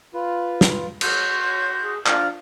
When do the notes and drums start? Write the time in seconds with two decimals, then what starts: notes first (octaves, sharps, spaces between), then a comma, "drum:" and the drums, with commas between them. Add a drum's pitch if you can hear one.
0.14 F4 B4
0.61 drum: snare
1.01 F#4 C#5 C6 G6, drum: cymbal
1.84 G#4
2.06 F3 D4 D5 A#5 F6, drum: clap